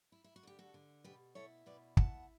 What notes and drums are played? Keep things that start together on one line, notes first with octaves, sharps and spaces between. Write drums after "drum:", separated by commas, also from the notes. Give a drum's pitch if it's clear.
E4
E4
F#4
D3 G4
F#4 A4
D3
B2 G4 B4
E4 A4 C#5
B2 B4 D5
E4 F#5 A5, drum: kick